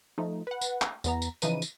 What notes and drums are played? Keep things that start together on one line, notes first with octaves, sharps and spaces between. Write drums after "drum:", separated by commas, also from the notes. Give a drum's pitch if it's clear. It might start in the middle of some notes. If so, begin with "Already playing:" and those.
F3 A3 D#4
B4 F#5
drum: tambourine
drum: clap
E2 B3 A#5, drum: tambourine
drum: tambourine
C#3 E3 F3 D#4 B4 D#7, drum: tambourine
drum: tambourine